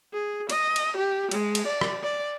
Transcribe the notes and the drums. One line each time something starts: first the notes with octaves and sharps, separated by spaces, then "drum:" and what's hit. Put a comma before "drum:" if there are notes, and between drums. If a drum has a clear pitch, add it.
G#4
D#5, drum: cymbal
drum: cymbal
G4
G#3, drum: cymbal
drum: cymbal
D5
drum: rim click
D5